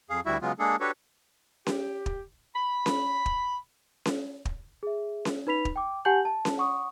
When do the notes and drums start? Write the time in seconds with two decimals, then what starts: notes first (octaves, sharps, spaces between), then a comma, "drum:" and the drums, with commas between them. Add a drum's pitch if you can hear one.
0.10 F2 G#4 F5
0.26 D2 G3 E4 F#4 E5
0.42 C#3 F#3 G#3 B3 F4
0.59 G#3 A#3 D4 G#4 A4
0.80 D4 F#4 G4 A4 B4 C#5
1.67 G4, drum: snare C#4
2.06 drum: kick
2.56 B5
2.86 drum: snare C#4
3.26 drum: kick
4.05 drum: snare C#4
4.45 drum: kick
4.83 G#4 E5
5.25 drum: snare C#4
5.47 D#4 B4 B5 B6 F7
5.65 drum: kick
5.76 G5 D6
6.05 G4 F#5 G#5 A5 G6 F#7
6.25 A5
6.45 drum: snare C#4
6.58 F#5 C#6 D#6